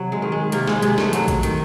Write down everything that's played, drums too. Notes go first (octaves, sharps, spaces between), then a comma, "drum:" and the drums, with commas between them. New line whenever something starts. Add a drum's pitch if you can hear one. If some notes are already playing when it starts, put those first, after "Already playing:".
Already playing: C3 F#3
G#3
D#3
G#3
C3 A#3, drum: hi-hat
G#3, drum: snare
C3 G#3, drum: hi-hat
A3, drum: snare
F#3, drum: hi-hat
drum: kick A#1, hi-hat
D#3, drum: hi-hat